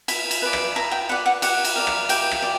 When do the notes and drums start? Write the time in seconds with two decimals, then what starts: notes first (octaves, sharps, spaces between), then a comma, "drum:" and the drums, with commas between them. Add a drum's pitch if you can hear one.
0.08 E4, drum: cymbal
0.31 drum: cymbal
0.42 B4 D5
0.53 drum: rim click
0.76 E4 A#5
0.91 G5
1.09 B4 D5 F#5
1.26 F#5
1.42 G4 F#5, drum: cymbal
1.65 drum: cymbal
1.76 A#4 D5
1.87 drum: rim click
2.09 G4 G5, drum: cymbal
2.31 drum: rim click
2.42 D5